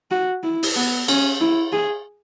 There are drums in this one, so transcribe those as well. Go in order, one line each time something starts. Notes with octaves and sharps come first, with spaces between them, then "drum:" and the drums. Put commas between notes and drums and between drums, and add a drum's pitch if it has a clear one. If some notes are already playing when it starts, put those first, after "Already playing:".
F#4
E4
drum: open hi-hat
B3
C#4, drum: cymbal
E4
G#4